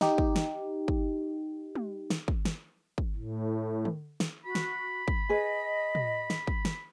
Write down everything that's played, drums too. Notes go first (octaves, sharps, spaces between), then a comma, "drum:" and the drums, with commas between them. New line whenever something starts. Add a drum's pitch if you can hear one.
D#4 G4, drum: snare
drum: kick
drum: snare
drum: kick
drum: tom
drum: snare
drum: kick
drum: snare
drum: kick
A2
drum: tom
drum: snare
F#4 B5
drum: snare
drum: kick
G#4 B4 D#5
drum: tom
drum: snare
drum: kick
drum: snare